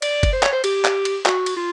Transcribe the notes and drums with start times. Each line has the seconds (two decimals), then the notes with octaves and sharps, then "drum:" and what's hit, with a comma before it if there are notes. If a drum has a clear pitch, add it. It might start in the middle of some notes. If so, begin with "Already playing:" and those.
0.02 D5, drum: cymbal
0.23 drum: kick, cymbal
0.33 C5
0.43 C#5, drum: clap
0.53 C5
0.64 G4, drum: cymbal
0.85 drum: clap
1.05 drum: cymbal
1.26 F#4, drum: clap
1.46 drum: cymbal
1.57 F4